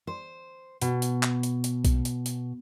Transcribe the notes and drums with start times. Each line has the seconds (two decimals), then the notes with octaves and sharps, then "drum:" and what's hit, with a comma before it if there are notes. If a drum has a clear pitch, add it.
0.07 C5
0.82 B2, drum: hi-hat
1.02 drum: hi-hat
1.23 drum: clap
1.43 drum: hi-hat
1.64 drum: hi-hat
1.85 drum: kick B1, hi-hat
2.05 drum: hi-hat
2.26 drum: hi-hat